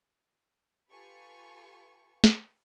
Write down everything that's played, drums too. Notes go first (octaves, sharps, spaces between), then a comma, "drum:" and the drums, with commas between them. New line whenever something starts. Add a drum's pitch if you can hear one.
F4 G4 A4 B4 G#5 C#6
drum: snare